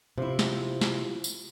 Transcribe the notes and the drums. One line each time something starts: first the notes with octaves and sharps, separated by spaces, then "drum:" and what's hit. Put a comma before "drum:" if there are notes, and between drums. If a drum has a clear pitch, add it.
C3 F3 E4
drum: snare
drum: snare
drum: tambourine